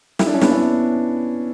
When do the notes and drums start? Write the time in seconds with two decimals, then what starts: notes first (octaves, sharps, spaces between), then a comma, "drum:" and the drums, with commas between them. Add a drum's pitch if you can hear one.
0.19 E4, drum: snare
0.26 D4
0.34 C#4
0.41 B3 D4, drum: snare
0.51 C#4 E4